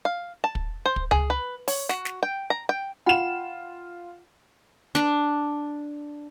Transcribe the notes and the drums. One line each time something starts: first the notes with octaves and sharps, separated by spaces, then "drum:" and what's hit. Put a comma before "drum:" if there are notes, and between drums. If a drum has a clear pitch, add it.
F5
A5
drum: kick
C5
drum: kick
G#4, drum: tom C#2
B4
C#5, drum: open hi-hat
F#4, drum: snare
drum: snare
G5
A#5
G5
F4 F#5 G5 B5 E7
D4, drum: snare